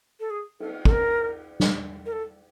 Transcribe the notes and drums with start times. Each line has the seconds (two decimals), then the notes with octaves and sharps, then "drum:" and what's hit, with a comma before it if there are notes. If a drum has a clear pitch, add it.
0.20 A4
0.30 G#4
0.60 A4, drum: cymbal
0.85 A4, drum: kick
0.91 A#4
1.60 drum: snare
2.06 A#4
2.12 A4